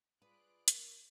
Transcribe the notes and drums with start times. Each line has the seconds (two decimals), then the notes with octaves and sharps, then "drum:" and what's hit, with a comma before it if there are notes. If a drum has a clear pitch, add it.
0.22 F4 G#4 B4 D5 F#6 D7
0.68 A#4 C#5 D6 E6, drum: hi-hat